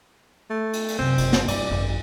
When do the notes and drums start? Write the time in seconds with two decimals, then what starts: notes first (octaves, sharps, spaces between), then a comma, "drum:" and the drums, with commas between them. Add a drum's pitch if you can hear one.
0.50 A3
0.73 drum: cymbal
0.88 drum: cymbal
0.99 F#2 C3 C4
1.18 F#1, drum: cymbal
1.33 drum: snare
1.48 G2 C4 E4 D5, drum: cymbal
1.71 G#1 F#2